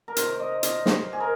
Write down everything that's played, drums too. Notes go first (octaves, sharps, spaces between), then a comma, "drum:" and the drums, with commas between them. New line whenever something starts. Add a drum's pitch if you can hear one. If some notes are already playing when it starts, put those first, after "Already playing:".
A#4
C3 D#3 C5, drum: hi-hat
D#5
D#5, drum: hi-hat
C5, drum: snare
G#4
A#4